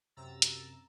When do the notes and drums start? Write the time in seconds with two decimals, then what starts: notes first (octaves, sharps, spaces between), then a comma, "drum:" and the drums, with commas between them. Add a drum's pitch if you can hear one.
0.16 F#2 C3 A#5 E6 A6
0.42 drum: hi-hat